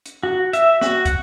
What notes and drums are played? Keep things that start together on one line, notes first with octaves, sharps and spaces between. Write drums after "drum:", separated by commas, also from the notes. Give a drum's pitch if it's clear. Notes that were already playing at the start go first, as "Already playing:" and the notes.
drum: hi-hat
F#4
E5, drum: hi-hat
F#4, drum: snare
F#5, drum: kick, hi-hat